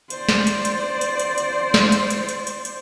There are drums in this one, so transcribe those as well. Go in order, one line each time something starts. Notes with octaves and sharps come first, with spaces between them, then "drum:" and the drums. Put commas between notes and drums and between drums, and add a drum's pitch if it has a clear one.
C5 D5, drum: hi-hat
drum: snare
drum: hi-hat
drum: hi-hat
drum: hi-hat
drum: hi-hat
drum: hi-hat
drum: snare
drum: hi-hat
drum: hi-hat
drum: hi-hat
drum: hi-hat
drum: hi-hat